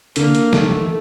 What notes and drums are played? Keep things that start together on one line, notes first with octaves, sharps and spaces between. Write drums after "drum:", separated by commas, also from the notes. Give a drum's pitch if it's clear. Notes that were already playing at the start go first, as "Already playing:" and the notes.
D3 A#3, drum: hi-hat
drum: hi-hat
D#3 A3, drum: snare
drum: tom E3